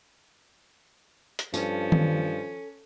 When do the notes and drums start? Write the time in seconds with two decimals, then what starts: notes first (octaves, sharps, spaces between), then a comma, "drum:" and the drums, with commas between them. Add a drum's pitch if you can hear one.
1.39 drum: hi-hat
1.54 G2 F3 C#4 A4, drum: tambourine
1.92 drum: tom D#3